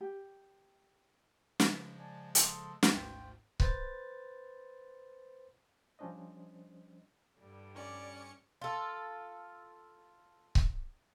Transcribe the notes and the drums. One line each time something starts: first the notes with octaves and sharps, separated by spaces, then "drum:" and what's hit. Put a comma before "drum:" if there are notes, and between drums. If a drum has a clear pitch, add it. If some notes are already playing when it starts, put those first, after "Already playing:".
G4
C#3 F3 G#3, drum: snare
D5 G#5 A5
A4 C6 D#6, drum: hi-hat
drum: snare
G#1 D2 G#2 F4 G5
B4 C5 A6, drum: kick C#1
F3 G3 C#4 D4 C5 D#5
G2 D3 G3
C#4 D5 C#7
F4 A4
drum: kick C#1